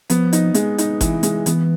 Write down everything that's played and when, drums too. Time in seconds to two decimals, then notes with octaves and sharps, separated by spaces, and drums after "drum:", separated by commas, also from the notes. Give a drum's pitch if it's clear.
0.10 F3 B3, drum: hi-hat
0.33 D#4, drum: hi-hat
0.54 G#3, drum: hi-hat
0.78 D#4, drum: hi-hat
1.01 E3, drum: kick G1, hi-hat
1.23 G#3, drum: hi-hat
1.46 E3 B3, drum: hi-hat